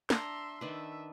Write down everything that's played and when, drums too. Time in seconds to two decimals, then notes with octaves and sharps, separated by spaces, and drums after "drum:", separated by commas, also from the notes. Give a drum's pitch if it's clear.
0.10 D4 E5 A#5 C6, drum: snare
0.61 D#3 D4 B4 E5